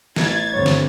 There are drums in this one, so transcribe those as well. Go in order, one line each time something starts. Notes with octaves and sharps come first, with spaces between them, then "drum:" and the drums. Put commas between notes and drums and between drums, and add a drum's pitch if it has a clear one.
A1 G#6 A6, drum: snare
G2 D3 C4 C#5
drum: snare